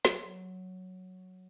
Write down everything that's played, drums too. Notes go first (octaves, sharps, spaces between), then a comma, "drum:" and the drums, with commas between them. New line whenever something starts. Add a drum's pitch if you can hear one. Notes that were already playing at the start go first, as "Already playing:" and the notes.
F#3, drum: snare